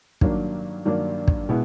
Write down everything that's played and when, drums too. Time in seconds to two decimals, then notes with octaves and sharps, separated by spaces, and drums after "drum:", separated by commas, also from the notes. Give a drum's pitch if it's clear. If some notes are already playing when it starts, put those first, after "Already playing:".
0.21 G2 D#3 F#3 A#3 D4, drum: kick
0.85 G2 D#3 F#3 A#3 D4
1.28 drum: kick
1.49 B2 G#3 B3 E4